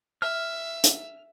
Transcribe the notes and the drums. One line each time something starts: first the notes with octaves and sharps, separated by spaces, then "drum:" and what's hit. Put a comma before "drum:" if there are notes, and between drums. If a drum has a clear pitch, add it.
E5 F6
drum: hi-hat